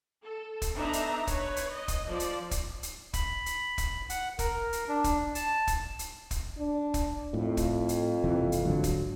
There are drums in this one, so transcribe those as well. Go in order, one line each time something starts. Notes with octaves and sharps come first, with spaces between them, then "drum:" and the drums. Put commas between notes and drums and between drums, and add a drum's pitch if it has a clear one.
A4
drum: kick, hi-hat
B3 D4 D#4 E5 A#5
drum: hi-hat
B4 C#5, drum: kick, hi-hat
drum: hi-hat
D#5
drum: kick, hi-hat
F3 D5
drum: hi-hat
drum: kick, hi-hat
drum: hi-hat
B5, drum: kick, hi-hat
drum: hi-hat
drum: kick, hi-hat
F#5, drum: hi-hat
A#4, drum: kick, hi-hat
drum: hi-hat
D4
drum: kick, hi-hat
A5, drum: hi-hat
drum: kick, hi-hat
drum: hi-hat
drum: kick, hi-hat
D4
drum: kick, hi-hat
F2 A2
drum: kick, hi-hat
drum: hi-hat
F#1 C3 E3
drum: hi-hat
G#2 D3 F#3
drum: kick, hi-hat